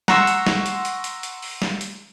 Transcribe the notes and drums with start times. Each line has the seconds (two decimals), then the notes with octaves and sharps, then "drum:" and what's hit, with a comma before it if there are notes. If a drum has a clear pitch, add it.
0.08 F#5 A#5 C6 C#6 E6, drum: snare
0.27 drum: hi-hat
0.46 drum: snare
0.66 drum: hi-hat
0.85 drum: hi-hat
1.04 drum: hi-hat
1.23 drum: hi-hat
1.42 drum: open hi-hat
1.62 drum: snare
1.81 drum: hi-hat